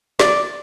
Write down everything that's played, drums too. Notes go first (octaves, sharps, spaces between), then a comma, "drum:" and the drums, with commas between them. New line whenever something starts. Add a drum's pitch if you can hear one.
D5, drum: snare